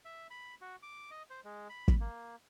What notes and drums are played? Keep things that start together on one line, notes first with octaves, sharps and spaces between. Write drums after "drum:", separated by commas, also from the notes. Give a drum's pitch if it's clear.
E5
B5
F#4
D6
D#5
C5
G#3
B5
drum: kick
A#3